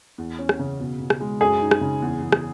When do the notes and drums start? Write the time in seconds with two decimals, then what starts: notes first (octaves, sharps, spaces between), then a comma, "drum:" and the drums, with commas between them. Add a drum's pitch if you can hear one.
0.18 E2
0.39 C#4
0.49 drum: rim click
0.59 C#3
0.80 B2
1.00 B2
1.10 drum: rim click
1.20 G#3
1.41 F#2 G#4
1.62 D#4
1.71 drum: rim click
1.81 C#3
2.02 E2
2.22 E2
2.32 drum: rim click